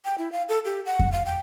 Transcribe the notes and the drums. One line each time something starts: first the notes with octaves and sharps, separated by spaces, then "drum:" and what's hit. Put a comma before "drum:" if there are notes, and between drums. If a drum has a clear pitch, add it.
G5
E4
F5
A4
G4
F#5
drum: kick F2
F5
G5